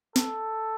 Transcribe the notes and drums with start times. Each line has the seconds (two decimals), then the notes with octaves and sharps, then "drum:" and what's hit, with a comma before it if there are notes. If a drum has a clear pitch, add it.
0.16 A4, drum: snare